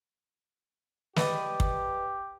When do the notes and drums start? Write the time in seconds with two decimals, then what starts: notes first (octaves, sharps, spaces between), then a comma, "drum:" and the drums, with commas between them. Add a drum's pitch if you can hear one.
1.16 G4 B4 D5 D#5, drum: snare
1.60 drum: kick